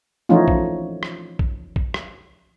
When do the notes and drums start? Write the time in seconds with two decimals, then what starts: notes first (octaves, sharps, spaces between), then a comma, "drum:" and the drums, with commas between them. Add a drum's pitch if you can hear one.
0.29 E3 F3 A3 C#4 D#4 F4
0.48 drum: kick
1.03 drum: rim click
1.39 drum: kick
1.76 drum: kick
1.94 drum: rim click